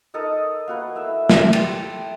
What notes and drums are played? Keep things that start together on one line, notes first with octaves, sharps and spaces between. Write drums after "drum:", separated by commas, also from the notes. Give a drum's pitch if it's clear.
D#4 A4 A#4 D#5
A#3 F#4 B4
A3 E4 E5
drum: snare
G4 G5 A5 C6, drum: cymbal